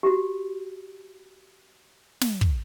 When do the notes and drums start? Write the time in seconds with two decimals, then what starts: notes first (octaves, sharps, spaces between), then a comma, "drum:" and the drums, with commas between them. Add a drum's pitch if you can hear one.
0.03 F#4 G4
2.21 drum: snare
2.41 drum: kick